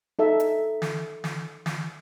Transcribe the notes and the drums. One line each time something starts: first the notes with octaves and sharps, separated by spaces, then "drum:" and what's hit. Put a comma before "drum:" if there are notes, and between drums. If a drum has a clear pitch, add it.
D#4 A4 E5
drum: hi-hat
drum: snare
drum: snare
drum: snare